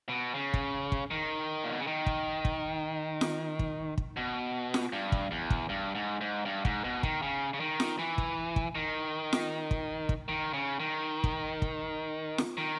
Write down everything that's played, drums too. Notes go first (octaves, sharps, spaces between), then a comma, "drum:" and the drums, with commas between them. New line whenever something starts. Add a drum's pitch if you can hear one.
B2
C#3
drum: kick
drum: kick
D#3
A#2
B2
C#3
D#3
drum: kick
drum: kick
drum: snare
drum: kick
drum: kick
B2
drum: snare
G2
drum: kick
E2
drum: kick
G2
G#2
G#2
G2
G#2, drum: kick
B2
D#3, drum: kick
C#3
C#3
D#3
drum: snare
E3
drum: kick
drum: kick
D#3
drum: snare
drum: kick
drum: kick
D#3
C#3
D#3
drum: kick
drum: kick
drum: snare
D#3